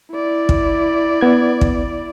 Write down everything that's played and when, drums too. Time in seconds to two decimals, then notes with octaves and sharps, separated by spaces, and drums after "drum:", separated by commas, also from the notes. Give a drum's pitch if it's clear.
0.11 E4 D5
0.49 drum: kick
1.21 B3 G#6
1.61 drum: kick